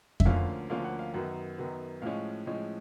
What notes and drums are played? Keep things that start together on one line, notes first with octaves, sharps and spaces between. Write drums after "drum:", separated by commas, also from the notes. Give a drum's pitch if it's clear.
E5, drum: kick F2
D2 D3 F3 A#3 C#4 F5
D2 D3 F3 A#3 C#4 F5
F#5
F5
F#2 D#3 F#3 B3 F#5
F#2 D#3 F#3 B3
A2 F3 G#3 C#4 F5
A2 F3 G#3 C#4